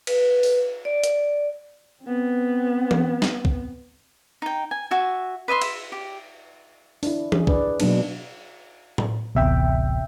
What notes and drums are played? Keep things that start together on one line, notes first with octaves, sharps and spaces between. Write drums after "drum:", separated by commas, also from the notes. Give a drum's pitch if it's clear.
B4, drum: cymbal
drum: open hi-hat
D5
drum: hi-hat
B3 C4
drum: tom E3
drum: snare
drum: kick B1
D#4 G5
G#5
F#4 E5 G#5
B4 D#5 E5 C6
E5, drum: cymbal
G4
D4 E4, drum: open hi-hat
G#4, drum: tom E3
D4 B4 D5, drum: kick B1
B2 F#3 A#3 D4 D#4, drum: cymbal
drum: tom A2
D1 A1 C3 B3 E5 G5